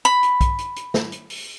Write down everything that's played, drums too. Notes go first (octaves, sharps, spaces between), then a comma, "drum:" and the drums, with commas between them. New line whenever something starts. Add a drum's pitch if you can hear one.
B5
drum: hi-hat
drum: kick B1, hi-hat
drum: hi-hat
drum: hi-hat
drum: snare
drum: hi-hat
drum: open hi-hat